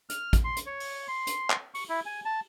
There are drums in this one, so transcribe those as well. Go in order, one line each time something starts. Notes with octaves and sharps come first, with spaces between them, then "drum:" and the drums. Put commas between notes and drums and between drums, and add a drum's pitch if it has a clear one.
F6, drum: hi-hat
drum: kick, hi-hat
C6
drum: hi-hat
C#5
drum: open hi-hat
C6
drum: hi-hat
drum: clap
C#6, drum: open hi-hat
E4
G#5
A5